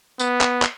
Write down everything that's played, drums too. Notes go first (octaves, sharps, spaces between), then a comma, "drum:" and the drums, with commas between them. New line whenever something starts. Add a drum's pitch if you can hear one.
B3, drum: tambourine
drum: clap
drum: clap